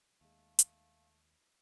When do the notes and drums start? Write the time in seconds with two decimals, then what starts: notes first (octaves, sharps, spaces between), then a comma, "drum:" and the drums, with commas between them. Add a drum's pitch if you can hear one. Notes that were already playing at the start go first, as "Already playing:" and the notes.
0.21 D#2 G#3 A3 F5
0.59 drum: hi-hat